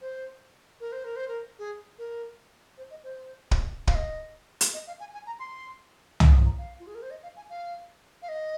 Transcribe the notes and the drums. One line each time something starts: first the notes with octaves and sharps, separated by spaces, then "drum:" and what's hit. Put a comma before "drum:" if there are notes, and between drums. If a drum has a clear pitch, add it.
C5
A#4
C5
A#4
C5
A#4
G#4
A#4
C5
D#5
C5
drum: kick
F5, drum: kick
D#5
drum: hi-hat
D#5
F5
G#5
G#5
A#5
C6
drum: tom
D#6
A#5
F5
F4
G#4
A#4
C5
D#5
F5
G#5
F5
F5
D#5